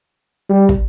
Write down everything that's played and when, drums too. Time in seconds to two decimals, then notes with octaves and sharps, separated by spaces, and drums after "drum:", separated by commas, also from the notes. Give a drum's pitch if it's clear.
0.50 G3
0.69 drum: kick